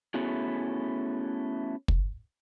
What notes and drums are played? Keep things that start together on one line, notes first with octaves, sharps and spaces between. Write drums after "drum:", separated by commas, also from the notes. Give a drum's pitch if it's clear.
A3 B3 C#4 E4 F#4 G#4
drum: kick